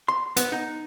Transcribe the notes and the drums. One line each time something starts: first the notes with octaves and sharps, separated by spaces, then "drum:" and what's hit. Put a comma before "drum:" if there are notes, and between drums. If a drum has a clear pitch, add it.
C6
B3, drum: hi-hat
D#4